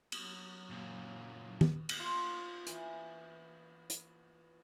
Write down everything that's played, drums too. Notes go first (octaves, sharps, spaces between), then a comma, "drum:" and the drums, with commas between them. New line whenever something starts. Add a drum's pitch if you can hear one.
F#3, drum: cymbal
F#2 A#2
drum: tom
drum: cymbal
F4
E3, drum: hi-hat
drum: hi-hat